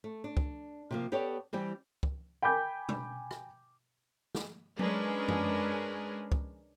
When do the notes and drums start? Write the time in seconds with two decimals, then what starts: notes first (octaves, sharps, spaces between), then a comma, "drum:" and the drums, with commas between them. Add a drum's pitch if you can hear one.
0.04 A3
0.24 D4
0.37 drum: kick
0.91 C3 F3 A#3
1.12 B3 G4 A4 C#5 D5
1.53 E3 G3 C4 G4
2.03 drum: kick
2.42 G5 G#5 B5 D6 G6
2.89 drum: tom
3.31 drum: rim click
4.35 drum: snare
4.79 G#3 C#4 D4 G#4 A#4 B4, drum: tom F#3
5.28 drum: tom F#2
6.32 drum: kick